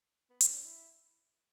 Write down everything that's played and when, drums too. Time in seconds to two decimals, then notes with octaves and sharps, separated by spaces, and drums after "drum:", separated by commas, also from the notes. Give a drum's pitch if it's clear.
0.30 B3
0.41 C4, drum: hi-hat
0.52 D4
0.65 E4